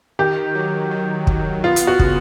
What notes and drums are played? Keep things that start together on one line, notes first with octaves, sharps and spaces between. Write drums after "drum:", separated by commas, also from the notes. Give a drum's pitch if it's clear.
D#3 G4
F#3
D#3
F#3, drum: kick
B3 F4
drum: hi-hat
F#4
C#3, drum: kick